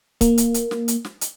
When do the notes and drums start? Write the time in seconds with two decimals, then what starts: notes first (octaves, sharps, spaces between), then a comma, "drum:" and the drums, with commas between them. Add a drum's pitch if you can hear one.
0.21 A#3, drum: kick C#1, hi-hat
0.38 drum: hi-hat
0.54 drum: hi-hat
0.71 drum: snare
0.88 drum: hi-hat
1.05 drum: snare
1.21 drum: hi-hat